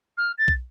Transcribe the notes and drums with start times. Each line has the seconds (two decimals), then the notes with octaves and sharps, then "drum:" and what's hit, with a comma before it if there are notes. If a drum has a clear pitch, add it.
0.17 F6
0.38 A6
0.48 drum: kick